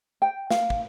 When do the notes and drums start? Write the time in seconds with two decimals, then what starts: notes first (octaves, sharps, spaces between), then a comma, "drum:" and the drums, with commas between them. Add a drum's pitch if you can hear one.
0.22 G5
0.50 F5, drum: snare
0.70 drum: kick